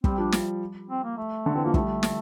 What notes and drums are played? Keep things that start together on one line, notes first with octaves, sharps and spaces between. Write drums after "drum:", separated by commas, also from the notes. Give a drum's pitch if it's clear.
G3 C4, drum: kick
F3 D4
drum: snare
C4
A#3
A3
D3
E3 C4
F3 A#3
G3 A3, drum: kick
drum: snare